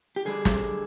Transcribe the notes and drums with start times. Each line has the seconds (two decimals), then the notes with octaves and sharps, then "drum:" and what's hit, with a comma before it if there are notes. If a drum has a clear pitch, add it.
0.16 G4
0.25 D3 G3 D4 G#4
0.45 drum: snare